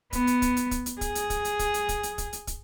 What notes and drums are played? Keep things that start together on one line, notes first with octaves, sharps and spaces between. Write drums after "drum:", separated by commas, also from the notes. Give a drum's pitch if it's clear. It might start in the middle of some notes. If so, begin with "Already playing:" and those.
B3, drum: kick, hi-hat
drum: hi-hat
drum: kick, hi-hat
drum: hi-hat
drum: kick, hi-hat
drum: hi-hat
G#4, drum: kick, hi-hat
drum: hi-hat
drum: kick, hi-hat
drum: hi-hat
drum: kick, hi-hat
drum: hi-hat
drum: kick, hi-hat
drum: hi-hat
drum: kick, hi-hat
drum: hi-hat
drum: kick, hi-hat